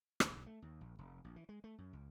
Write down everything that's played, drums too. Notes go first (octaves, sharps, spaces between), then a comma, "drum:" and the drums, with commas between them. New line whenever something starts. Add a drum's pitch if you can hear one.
D#2, drum: rim click
B1
A3
D#2
A#1
F1
A#1
E3
G#3
A3
F#2
C#2